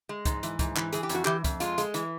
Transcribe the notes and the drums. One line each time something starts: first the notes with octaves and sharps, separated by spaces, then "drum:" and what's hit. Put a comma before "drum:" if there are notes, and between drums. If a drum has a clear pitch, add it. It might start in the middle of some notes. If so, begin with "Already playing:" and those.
G#3
G#2, drum: kick C#2, hi-hat
E3, drum: hi-hat
G#2, drum: kick C#2, hi-hat
E3, drum: clap
E3 G#4, drum: hi-hat
G4
F2, drum: hi-hat
F#4
E3 G4, drum: clap
F2, drum: kick C#2, hi-hat
G#3 F4, drum: hi-hat
G#3, drum: hi-hat
E3, drum: hi-hat